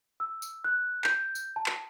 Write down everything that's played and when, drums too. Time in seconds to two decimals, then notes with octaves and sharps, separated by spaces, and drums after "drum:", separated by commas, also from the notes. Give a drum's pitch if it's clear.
0.20 E6
0.42 drum: tambourine
0.64 F#6
1.04 G6, drum: clap
1.35 drum: tambourine
1.56 A5
1.66 drum: clap